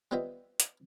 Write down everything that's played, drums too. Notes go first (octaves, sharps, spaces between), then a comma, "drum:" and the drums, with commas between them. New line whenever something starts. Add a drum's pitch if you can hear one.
G3 B3 F4 C5 D#5 E5
drum: hi-hat